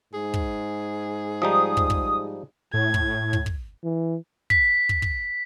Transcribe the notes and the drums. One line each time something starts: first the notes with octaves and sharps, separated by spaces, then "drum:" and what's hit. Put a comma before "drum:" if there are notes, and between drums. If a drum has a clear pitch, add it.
G#2 G#4
drum: kick
F3 G3 D#4 D#6
drum: kick
drum: kick
A2 G#6
drum: kick
drum: kick
drum: kick
E3
B6, drum: kick
drum: kick
drum: kick